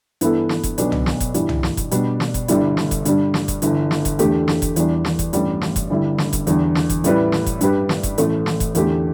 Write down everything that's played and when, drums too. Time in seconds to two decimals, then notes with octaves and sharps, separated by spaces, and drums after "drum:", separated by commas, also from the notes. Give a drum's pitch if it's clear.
0.21 G2 E3 B3 E4 A4, drum: hi-hat
0.49 drum: snare
0.63 drum: kick F1, hi-hat
0.78 B1 B2 B3 D4, drum: hi-hat
0.92 drum: tom
1.06 drum: snare
1.20 drum: kick F1, hi-hat
1.34 G2 E3 G3, drum: hi-hat
1.49 drum: tom
1.63 drum: snare
1.77 drum: kick F1, hi-hat
1.91 B2 G3 B3 D4, drum: hi-hat
2.20 drum: snare
2.34 drum: kick F1, hi-hat
2.48 G1 G2 D3 G3 E4, drum: hi-hat
2.77 drum: snare
2.91 drum: kick F1, hi-hat
3.05 G2 D3 G3 D4, drum: hi-hat
3.34 drum: snare
3.48 drum: kick F1, hi-hat
3.62 G1 G2 E3, drum: hi-hat
3.91 drum: snare
4.05 drum: kick F1, hi-hat
4.19 E2 D3 A3 G4, drum: hi-hat
4.48 drum: snare
4.62 drum: kick F1, hi-hat
4.76 E2 E3 G3 D4, drum: hi-hat
5.05 drum: snare
5.19 drum: kick F1, hi-hat
5.33 A1 G2 G3, drum: hi-hat
5.61 drum: snare
5.76 drum: kick F1, hi-hat
5.90 G1 G2 G3 E4
6.18 drum: snare
6.33 drum: kick F1, hi-hat
6.47 E2 D3 G3, drum: hi-hat
6.75 drum: snare
6.90 drum: kick F1, hi-hat
7.04 A1 A2 G3 E4 B4, drum: hi-hat
7.32 drum: snare
7.46 drum: kick F1, hi-hat
7.61 G2 G3 D4 G4 B4, drum: hi-hat
7.89 drum: snare
8.03 drum: kick F1, hi-hat
8.18 A1 A2 A3, drum: hi-hat
8.46 drum: snare
8.60 drum: kick F1, hi-hat
8.75 E2 D3 A3 G4, drum: hi-hat